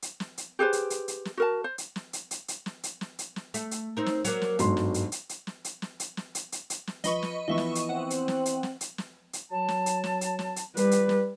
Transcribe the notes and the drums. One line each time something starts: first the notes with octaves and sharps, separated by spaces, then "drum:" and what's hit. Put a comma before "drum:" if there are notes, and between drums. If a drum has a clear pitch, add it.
drum: hi-hat
drum: snare
drum: hi-hat
G4 G#4 B4 C5
drum: hi-hat
drum: hi-hat
drum: hi-hat
drum: snare
F#4 A#4 A5
C5
drum: hi-hat
drum: snare
drum: hi-hat
drum: hi-hat
drum: hi-hat
drum: snare
drum: hi-hat
drum: snare
drum: hi-hat
drum: snare
A3, drum: hi-hat
drum: hi-hat
C4 D#4 A#4
drum: snare
F#3 A#3, drum: hi-hat
drum: snare
G1 G#2 F#3 C6, drum: hi-hat
drum: snare
drum: hi-hat
drum: hi-hat
drum: hi-hat
drum: snare
drum: hi-hat
drum: snare
drum: hi-hat
drum: snare
drum: hi-hat
drum: hi-hat
drum: hi-hat
drum: snare
F3 B4 D#5 B5 C#6, drum: hi-hat
drum: snare
E3 F3 B3 D#5 E5 C#6
drum: snare
drum: hi-hat
C4 F#5
drum: hi-hat
drum: snare
drum: hi-hat
drum: snare
drum: hi-hat
drum: snare
drum: hi-hat
F#3 A5
drum: snare
drum: hi-hat
drum: snare
drum: hi-hat
drum: snare
drum: hi-hat
G3 B4, drum: hi-hat
drum: hi-hat
drum: snare